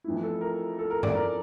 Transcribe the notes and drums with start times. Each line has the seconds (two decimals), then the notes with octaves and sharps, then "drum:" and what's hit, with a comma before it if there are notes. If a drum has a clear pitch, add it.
0.04 F2 E3 A3 E4
0.23 A4
0.41 A#4
0.79 A4
0.90 A#4
1.03 D5, drum: tom F#2
1.15 A#4